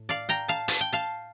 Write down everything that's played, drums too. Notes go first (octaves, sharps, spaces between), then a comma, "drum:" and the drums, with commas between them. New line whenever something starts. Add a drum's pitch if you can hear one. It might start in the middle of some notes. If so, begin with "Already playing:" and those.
Already playing: A2
D5 F5
G5 A#5
F5 A5
A5, drum: hi-hat
G5
F5 A5